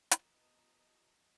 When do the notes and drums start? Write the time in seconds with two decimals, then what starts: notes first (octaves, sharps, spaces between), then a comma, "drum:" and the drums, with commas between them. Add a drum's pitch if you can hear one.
0.11 F3 B3 G4 D#5 A5 A#5, drum: hi-hat